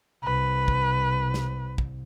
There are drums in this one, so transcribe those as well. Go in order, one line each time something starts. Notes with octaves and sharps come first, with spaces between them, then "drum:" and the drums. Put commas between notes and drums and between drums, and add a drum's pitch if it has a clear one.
C2 B4
drum: kick
drum: snare
drum: kick